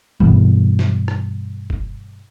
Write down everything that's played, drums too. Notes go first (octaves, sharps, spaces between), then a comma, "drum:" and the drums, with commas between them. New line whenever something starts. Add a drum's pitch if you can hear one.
G2 B2 E3 G3, drum: kick F#1
drum: snare
drum: rim click
drum: kick F#1